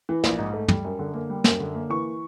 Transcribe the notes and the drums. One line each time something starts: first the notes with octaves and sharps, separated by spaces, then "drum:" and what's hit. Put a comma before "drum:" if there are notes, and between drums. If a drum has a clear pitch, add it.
E3
A#1, drum: snare
G#2
A3
G3, drum: tom
F#2
D3
A#3
G3
F#2, drum: snare
D3
A#3
E3 C#6